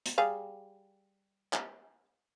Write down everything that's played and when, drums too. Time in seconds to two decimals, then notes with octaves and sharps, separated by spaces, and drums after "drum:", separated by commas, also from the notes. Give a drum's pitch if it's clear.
0.06 drum: hi-hat
0.18 G3 G#4 F5
1.53 drum: clap